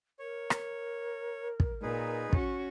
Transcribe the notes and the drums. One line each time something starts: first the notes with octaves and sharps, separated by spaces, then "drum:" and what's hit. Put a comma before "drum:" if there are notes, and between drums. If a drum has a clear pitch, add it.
A#4 C#5
drum: rim click
drum: kick
A#2 D#4 G#4 B4
C#4 F#4, drum: kick